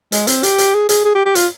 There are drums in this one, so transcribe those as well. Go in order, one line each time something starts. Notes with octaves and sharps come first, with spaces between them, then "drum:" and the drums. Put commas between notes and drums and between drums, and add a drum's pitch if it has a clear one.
G#3, drum: hi-hat
C4, drum: hi-hat
G4, drum: hi-hat
drum: hi-hat
G#4
G#4, drum: hi-hat
G#4
G4
G4
F4, drum: hi-hat